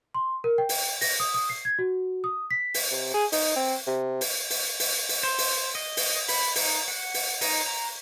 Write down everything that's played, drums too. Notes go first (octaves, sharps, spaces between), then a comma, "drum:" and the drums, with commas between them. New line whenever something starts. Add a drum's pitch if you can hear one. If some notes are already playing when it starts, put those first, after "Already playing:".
C6
A#4
G5
drum: open hi-hat
A#6, drum: open hi-hat
D#6
D#6
C7
G#6
F#4
D#6
B6
drum: open hi-hat
C3
G#4
D#4, drum: open hi-hat
C4
C3
drum: open hi-hat
drum: open hi-hat
drum: open hi-hat
drum: open hi-hat
C5
drum: open hi-hat
D#5
drum: open hi-hat
B5, drum: open hi-hat
D#4, drum: open hi-hat
F#5
drum: open hi-hat
D#4, drum: open hi-hat
A#5